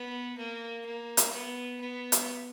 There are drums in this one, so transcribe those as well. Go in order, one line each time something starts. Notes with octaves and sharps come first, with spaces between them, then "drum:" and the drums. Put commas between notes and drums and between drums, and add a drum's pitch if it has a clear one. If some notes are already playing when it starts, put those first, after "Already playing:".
Already playing: B3
A#3
A#3
drum: hi-hat
B3
B3
drum: hi-hat